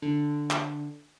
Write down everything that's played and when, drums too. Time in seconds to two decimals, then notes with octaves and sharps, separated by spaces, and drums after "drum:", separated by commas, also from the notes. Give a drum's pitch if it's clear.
0.02 D3
0.51 drum: clap